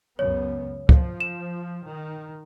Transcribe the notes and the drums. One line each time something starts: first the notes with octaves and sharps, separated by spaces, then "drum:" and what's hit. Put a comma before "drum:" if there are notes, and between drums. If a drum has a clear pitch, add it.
C#2 F#2 B3 C#5
F3, drum: kick
E7
D#3